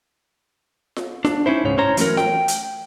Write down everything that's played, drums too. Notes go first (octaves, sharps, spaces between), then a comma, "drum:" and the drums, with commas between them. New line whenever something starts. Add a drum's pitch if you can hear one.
drum: snare F4
D4, drum: snare F4
C#4 D#4 E4 C5
C#2 G#2 C#3 C#5
A2 C#4 C5 C#5 A#5
E3 F#3 A3 C#4 A#4, drum: hi-hat
G5, drum: snare F4
drum: hi-hat